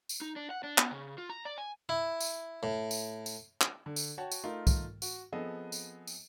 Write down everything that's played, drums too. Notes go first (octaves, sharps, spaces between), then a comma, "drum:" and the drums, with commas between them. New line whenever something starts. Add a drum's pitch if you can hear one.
drum: tambourine
D#4
D4
F#5
D4
B3, drum: clap
C#3
F4
A#5
D5
G#5
E4
drum: tambourine
A2
drum: tambourine
drum: tambourine
drum: clap
D3
drum: tambourine
F#4 C#5 F#5 G5 A5
drum: tambourine
A3 D#4 F4 A#4
drum: kick, tambourine
F#4, drum: tambourine
F3 B3 C4 G#4 A4 D#5
drum: tambourine
drum: tambourine